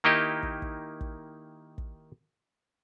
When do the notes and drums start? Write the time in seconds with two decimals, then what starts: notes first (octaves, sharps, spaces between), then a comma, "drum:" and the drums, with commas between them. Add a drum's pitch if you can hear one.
0.04 D#3 A#3 D#4 E4 G4 D#5
0.43 drum: kick
0.62 drum: kick
1.01 drum: kick
1.78 drum: kick